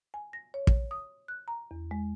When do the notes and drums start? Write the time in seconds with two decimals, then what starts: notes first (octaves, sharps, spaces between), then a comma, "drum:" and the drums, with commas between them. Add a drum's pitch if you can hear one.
0.14 G#5
0.33 A#6
0.54 C#5
0.67 drum: kick
0.91 D#6
1.28 F#6
1.48 A#5
1.71 E2
1.91 G#3